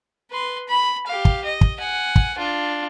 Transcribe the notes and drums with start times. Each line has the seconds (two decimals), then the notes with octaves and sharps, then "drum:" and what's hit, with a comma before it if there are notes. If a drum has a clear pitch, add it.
0.31 B4 C6
0.68 B5
1.07 G4 F5
1.25 drum: kick
1.44 D#5
1.61 drum: kick
1.79 F#5 G#5
2.16 drum: kick
2.38 D4 F4